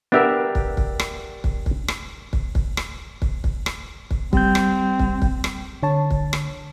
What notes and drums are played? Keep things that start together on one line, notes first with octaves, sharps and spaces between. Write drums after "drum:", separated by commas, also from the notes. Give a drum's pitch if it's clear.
B3 D4 G4 A#4 E5
drum: kick
drum: kick
drum: rim click
drum: kick
drum: kick
drum: rim click
drum: kick
drum: kick
drum: rim click
drum: kick
drum: kick
drum: rim click
drum: kick
G3 C4 G6, drum: kick
drum: rim click
drum: kick
drum: kick
drum: rim click
D3 C#5 A5
drum: kick
drum: rim click